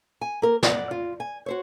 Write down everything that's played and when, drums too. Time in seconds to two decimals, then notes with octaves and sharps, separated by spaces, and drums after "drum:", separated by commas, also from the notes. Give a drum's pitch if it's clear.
0.21 G#5
0.42 A#3 A#4
0.63 D5 F#5, drum: snare
0.91 F4
1.20 G#5
1.46 F#4 C5 C#5